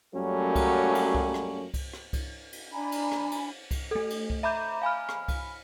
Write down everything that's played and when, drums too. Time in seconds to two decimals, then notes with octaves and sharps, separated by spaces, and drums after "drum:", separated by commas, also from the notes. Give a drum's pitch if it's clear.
0.15 F#2 F#3 G3 A3 A#3 C#4
0.56 drum: kick C2, cymbal
0.95 drum: cymbal
1.15 drum: kick C2
1.34 drum: rim click
1.74 drum: kick C2, cymbal
1.93 drum: rim click
2.13 drum: kick C2, cymbal
2.53 drum: cymbal
2.72 D4 G#5 A#5 B5
2.92 drum: cymbal
3.12 drum: rim click
3.31 drum: cymbal
3.71 drum: kick C2, cymbal
3.91 A3 A4
4.10 drum: cymbal
4.30 drum: kick C2
4.43 E5 A#5 B5 D6 G6
4.82 F5 G#5 B5 F6
5.09 drum: rim click
5.28 drum: kick C2, cymbal